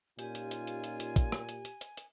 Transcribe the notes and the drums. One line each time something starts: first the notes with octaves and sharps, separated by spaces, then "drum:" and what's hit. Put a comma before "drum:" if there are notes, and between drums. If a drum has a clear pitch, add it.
A#2 C#4 D#4 F4 G4 G#5, drum: hi-hat
drum: hi-hat
drum: hi-hat
drum: hi-hat
drum: hi-hat
drum: hi-hat
drum: kick, hi-hat
drum: rim click
drum: hi-hat
drum: hi-hat
drum: hi-hat
drum: hi-hat